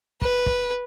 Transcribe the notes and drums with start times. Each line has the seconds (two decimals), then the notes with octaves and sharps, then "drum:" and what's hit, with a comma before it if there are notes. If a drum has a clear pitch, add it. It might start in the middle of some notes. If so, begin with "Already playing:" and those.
0.22 B4, drum: kick
0.46 drum: kick